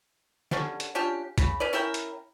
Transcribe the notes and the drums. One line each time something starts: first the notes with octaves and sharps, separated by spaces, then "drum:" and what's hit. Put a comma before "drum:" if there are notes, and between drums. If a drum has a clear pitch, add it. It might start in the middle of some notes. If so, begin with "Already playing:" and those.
D3 G3 C#4, drum: snare
drum: hi-hat
C#4 D4 F4 G4
C#3 B5, drum: kick C2, hi-hat
C#4 B4 D5
C#4 E4 A#4 G5
drum: hi-hat